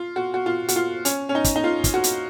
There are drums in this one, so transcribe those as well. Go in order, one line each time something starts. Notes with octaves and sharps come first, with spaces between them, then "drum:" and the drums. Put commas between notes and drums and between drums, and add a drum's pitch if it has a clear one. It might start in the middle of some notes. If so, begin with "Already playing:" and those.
Already playing: F4
F#4
F#4
F4
F#4, drum: hi-hat
F4
C#4, drum: hi-hat
C#4
D#4
drum: kick, hi-hat
D#4
F4
drum: kick, hi-hat
F#4
drum: hi-hat